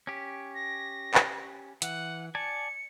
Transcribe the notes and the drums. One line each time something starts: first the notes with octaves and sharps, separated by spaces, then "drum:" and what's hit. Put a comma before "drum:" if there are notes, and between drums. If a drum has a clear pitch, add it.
C#4 G4
A#6
drum: clap
E3 F#5, drum: hi-hat
D5 G#5 A5 C#7